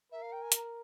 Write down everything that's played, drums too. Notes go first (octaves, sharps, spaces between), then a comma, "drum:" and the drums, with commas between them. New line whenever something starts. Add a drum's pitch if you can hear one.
A#4 E5
F5
G5
G#5
A#5, drum: hi-hat